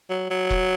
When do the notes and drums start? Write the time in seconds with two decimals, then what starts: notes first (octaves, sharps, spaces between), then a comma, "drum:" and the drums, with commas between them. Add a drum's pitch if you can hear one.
0.10 F#3
0.30 F#3
0.50 drum: kick E1